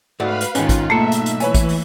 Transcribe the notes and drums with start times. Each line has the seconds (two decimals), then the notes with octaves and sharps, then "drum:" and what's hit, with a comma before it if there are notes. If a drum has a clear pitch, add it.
0.20 G#2 A3 F#4 B4 D5 F5 B5
0.41 drum: hi-hat
0.55 G#2 D#3 C#4 F4, drum: hi-hat
0.69 drum: kick A1, hi-hat
0.90 B1 A3 A#3 A4 E5
1.12 drum: hi-hat
1.26 drum: hi-hat
1.40 E3 B4 C#5 G#5, drum: hi-hat
1.54 drum: kick A1, hi-hat
1.69 drum: open hi-hat